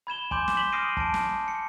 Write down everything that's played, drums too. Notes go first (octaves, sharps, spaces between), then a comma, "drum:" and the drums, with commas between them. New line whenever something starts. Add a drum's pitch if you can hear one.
B5 G#6 E7 G7
G#5 C6 D6 G6 E7 F#7, drum: kick
drum: snare
B6 E7 F#7 G7
D#6 F6 A#6 C7 D7 D#7
A5 D7, drum: kick
drum: snare
C#7